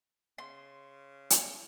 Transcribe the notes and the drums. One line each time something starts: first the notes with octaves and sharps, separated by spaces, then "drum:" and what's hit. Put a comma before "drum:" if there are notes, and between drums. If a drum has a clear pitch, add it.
C#3 C6
drum: hi-hat